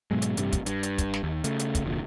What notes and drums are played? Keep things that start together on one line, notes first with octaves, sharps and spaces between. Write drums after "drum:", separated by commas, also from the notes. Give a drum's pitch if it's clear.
G#2 B2 F#3 G#3
drum: hi-hat
A1 G2 C3 G3, drum: hi-hat
drum: kick, hi-hat
G2, drum: hi-hat
drum: hi-hat
drum: kick, hi-hat
drum: snare
D#2
C#3 A3, drum: hi-hat
drum: hi-hat
drum: kick, hi-hat
F1 D2 A#2